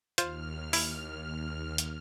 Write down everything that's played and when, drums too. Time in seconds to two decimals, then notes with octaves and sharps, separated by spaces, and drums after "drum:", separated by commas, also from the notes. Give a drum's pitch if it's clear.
0.18 D#2 F4 C5 F6, drum: hi-hat
0.73 E4, drum: open hi-hat
1.78 drum: hi-hat